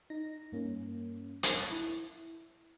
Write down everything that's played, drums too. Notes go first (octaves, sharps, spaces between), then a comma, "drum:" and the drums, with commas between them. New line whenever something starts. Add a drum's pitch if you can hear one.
D#4 A#6
G2 A#3 C#4
A#4 C#5 A5 B5 F#6 A6, drum: hi-hat
E4